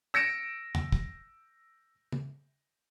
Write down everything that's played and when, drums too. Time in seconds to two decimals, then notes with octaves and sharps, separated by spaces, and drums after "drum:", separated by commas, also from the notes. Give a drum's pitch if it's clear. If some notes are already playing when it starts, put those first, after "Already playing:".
0.14 E6 A#6 C#7 D7 E7
0.75 drum: tom E2
0.92 drum: kick
2.12 drum: tom